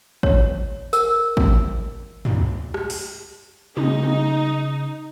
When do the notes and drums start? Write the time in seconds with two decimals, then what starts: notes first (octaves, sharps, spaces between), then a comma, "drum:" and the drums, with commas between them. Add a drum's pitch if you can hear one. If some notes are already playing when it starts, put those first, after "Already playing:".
0.23 C#5, drum: kick
0.93 A#4, drum: tambourine
1.37 drum: kick
2.25 drum: tom
2.74 drum: rim click
2.90 drum: open hi-hat
3.77 C#3 D#4, drum: tom
4.03 drum: tom